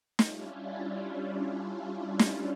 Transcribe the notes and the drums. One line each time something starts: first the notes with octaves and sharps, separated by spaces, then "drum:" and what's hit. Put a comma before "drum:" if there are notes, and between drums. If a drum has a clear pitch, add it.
G3 C#4 D4 E4 F4, drum: snare
drum: snare